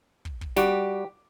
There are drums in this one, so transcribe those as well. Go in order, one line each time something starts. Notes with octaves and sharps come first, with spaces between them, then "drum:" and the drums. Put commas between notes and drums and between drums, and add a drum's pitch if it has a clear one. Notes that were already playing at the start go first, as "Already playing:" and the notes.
drum: kick
drum: kick
G3 F#4 G4, drum: snare